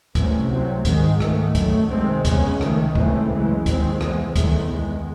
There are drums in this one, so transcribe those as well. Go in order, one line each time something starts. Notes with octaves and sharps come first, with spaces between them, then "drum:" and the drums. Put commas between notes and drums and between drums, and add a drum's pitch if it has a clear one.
C2 C3 E3 A3 C#4, drum: kick C2, hi-hat
C3 F#3 C4
G#2 D#3 G#3, drum: kick C2, hi-hat
G#2 D#3 A3, drum: rim click
F#2 D#3 A3, drum: kick C2, hi-hat
C3 D#3 G#3 C4
E2 C#3 G#3 C#4, drum: kick C2, hi-hat
C#2 C3 D#3 A3, drum: rim click
C#2 C#3 E3 A3 C4, drum: kick C2
F#2 C#3 E3 G#3
D#2 D#3 G#3 C4, drum: kick C2, hi-hat
E2 C3 E3 G#3, drum: rim click
E2 D#3 A3, drum: kick C2, hi-hat
E2 D#3 G#3